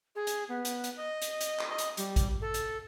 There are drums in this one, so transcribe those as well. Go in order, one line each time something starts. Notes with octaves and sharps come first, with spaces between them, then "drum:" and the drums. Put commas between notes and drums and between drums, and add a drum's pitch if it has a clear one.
G#4
drum: hi-hat
B3
drum: hi-hat
drum: hi-hat
D#5
drum: hi-hat
drum: hi-hat
drum: clap
D#5
drum: hi-hat
G3, drum: hi-hat
drum: kick A1, hi-hat
A4
drum: hi-hat